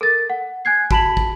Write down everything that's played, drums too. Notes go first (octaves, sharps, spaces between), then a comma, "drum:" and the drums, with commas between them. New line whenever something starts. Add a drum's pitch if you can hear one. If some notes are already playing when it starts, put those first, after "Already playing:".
A4 A#4 A6
F#5
G#5 F#6 G#6 C7
F#4 A5 B5 B6 F#7, drum: kick
drum: kick